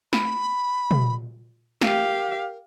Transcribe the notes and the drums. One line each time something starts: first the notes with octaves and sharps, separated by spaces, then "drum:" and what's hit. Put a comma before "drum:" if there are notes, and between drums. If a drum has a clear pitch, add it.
B5, drum: snare
drum: tom
G4 A#4 F5, drum: snare